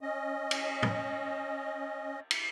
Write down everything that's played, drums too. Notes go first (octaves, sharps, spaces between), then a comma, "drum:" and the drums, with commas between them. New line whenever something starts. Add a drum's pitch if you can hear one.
C#4 D#5
drum: cymbal
drum: tom
drum: cymbal